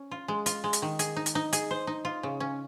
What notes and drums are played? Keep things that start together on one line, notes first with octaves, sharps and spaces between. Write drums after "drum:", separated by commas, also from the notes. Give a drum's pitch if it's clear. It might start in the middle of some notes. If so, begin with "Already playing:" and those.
Already playing: C#4
F4
G#3
F4, drum: hi-hat
G#3
drum: hi-hat
D#3
G#4, drum: hi-hat
D#4
drum: hi-hat
D#4
G#4, drum: hi-hat
C5
D#4
F4
C#3
C#4